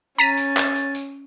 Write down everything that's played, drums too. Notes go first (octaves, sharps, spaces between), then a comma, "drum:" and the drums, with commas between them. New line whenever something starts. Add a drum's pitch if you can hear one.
C#4 A#5 A6 B6 D#7, drum: tambourine
drum: tambourine
drum: clap
drum: tambourine
drum: tambourine